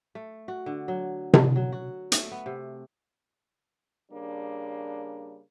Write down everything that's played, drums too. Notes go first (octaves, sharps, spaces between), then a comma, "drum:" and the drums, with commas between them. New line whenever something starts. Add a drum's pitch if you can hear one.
A3
F#4
D3
F#3
drum: tom C3
F#3
F#4
A3, drum: hi-hat
B3
C3
C#3 G3 A#3 D4